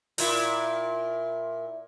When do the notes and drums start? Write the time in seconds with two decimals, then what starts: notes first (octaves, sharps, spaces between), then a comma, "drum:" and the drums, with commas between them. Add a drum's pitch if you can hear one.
0.18 A#2 E4, drum: open hi-hat